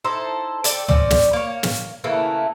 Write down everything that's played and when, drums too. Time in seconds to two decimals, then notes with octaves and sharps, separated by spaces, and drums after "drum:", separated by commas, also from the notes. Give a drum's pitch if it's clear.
0.04 D#4 E4 A4 C5
0.64 A4 D5 G5, drum: hi-hat
0.88 C4 C#4 D5, drum: tom
1.10 drum: snare
1.33 A#3 C#5
1.63 drum: snare
2.04 C#3 E3 A3 A#3